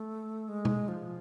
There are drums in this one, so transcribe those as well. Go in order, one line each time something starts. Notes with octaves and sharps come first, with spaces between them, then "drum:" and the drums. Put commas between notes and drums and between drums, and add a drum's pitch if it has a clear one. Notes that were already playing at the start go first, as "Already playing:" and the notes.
Already playing: A3
G#3
drum: tom B2
F3